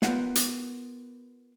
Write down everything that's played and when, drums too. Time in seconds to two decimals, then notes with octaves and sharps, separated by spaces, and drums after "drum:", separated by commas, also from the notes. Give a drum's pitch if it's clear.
0.02 B3 F4 G4 A#4 F#5, drum: snare
0.35 drum: hi-hat